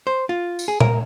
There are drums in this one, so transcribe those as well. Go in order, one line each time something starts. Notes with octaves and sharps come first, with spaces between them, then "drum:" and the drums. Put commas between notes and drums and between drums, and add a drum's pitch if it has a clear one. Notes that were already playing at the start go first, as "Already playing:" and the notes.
C5
F4
drum: tambourine
G#4
A#4, drum: tom A#2